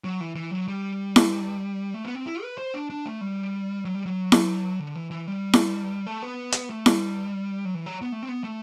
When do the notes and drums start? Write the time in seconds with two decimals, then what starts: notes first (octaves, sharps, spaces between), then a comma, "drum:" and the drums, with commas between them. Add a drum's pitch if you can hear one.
0.04 F#3
0.20 E3
0.35 E3
0.51 F#3
0.68 G3
1.16 drum: snare E4
1.94 A3
2.05 B3
2.15 C4
2.26 E4
2.42 B4
2.58 C5
2.74 D4
2.90 D4
3.06 A3
3.21 G3
3.85 F#3
3.95 G3
4.06 F#3
4.32 drum: snare E4
4.80 D3
4.95 E3
5.11 E3
5.27 G3
5.53 drum: snare E4
6.07 A3
6.22 B3
6.52 drum: hi-hat
6.70 A3
6.86 G3, drum: snare E4
7.65 F#3
7.74 E3
7.86 F#3
8.01 B3
8.12 A3
8.23 C4
8.28 B3
8.44 A3